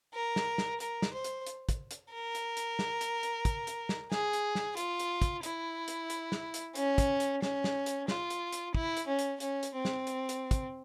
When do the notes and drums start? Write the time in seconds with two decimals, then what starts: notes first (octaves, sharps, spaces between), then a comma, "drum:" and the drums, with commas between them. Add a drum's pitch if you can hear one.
0.14 A#4
0.36 drum: snare
0.58 drum: snare
0.80 A#4, drum: hi-hat
1.02 drum: snare
1.13 C5
1.24 drum: hi-hat
1.47 drum: hi-hat
1.69 drum: kick, hi-hat
1.91 drum: hi-hat
2.13 A#4
2.35 drum: hi-hat
2.57 drum: hi-hat
2.79 drum: snare
3.01 drum: hi-hat
3.23 drum: hi-hat
3.45 drum: kick, hi-hat
3.67 drum: hi-hat
3.89 drum: snare
4.12 G#4, drum: snare
4.33 drum: hi-hat
4.55 drum: snare
4.77 F4, drum: hi-hat
5.00 drum: hi-hat
5.22 drum: kick, hi-hat
5.43 E4, drum: hi-hat
5.88 drum: hi-hat
6.10 drum: hi-hat
6.32 drum: snare
6.54 drum: hi-hat
6.75 C#4, drum: hi-hat
6.98 drum: kick, hi-hat
7.20 drum: hi-hat
7.42 C#4, drum: snare
7.64 drum: snare
7.86 drum: hi-hat
8.08 F4, drum: snare
8.30 drum: hi-hat
8.52 drum: hi-hat
8.75 E4, drum: kick
8.97 drum: hi-hat
9.07 C#4
9.19 drum: hi-hat
9.40 C#4, drum: hi-hat
9.63 drum: hi-hat
9.74 C4
9.85 drum: snare
10.07 drum: hi-hat
10.29 drum: hi-hat
10.51 drum: kick, hi-hat